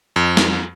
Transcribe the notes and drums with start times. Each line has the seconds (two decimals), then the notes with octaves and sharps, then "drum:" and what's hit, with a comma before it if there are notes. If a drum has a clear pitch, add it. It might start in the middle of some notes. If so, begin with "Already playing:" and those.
0.16 F2
0.37 drum: snare